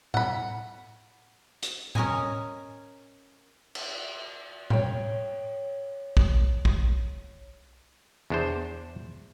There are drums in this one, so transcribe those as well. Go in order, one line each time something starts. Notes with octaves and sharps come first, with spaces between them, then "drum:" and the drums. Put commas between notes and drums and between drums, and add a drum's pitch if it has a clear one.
F#5 B5, drum: tom A2
drum: hi-hat
C#4 A#4 D#5 G#5, drum: tom A2
drum: cymbal
C#5 G5, drum: tom A2
drum: kick
drum: kick
E2 D4 C5